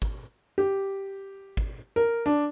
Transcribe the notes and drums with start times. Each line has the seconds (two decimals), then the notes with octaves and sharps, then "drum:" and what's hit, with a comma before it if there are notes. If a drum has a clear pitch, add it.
0.02 drum: kick
0.58 G4
1.57 drum: kick
1.96 A#4
2.26 D4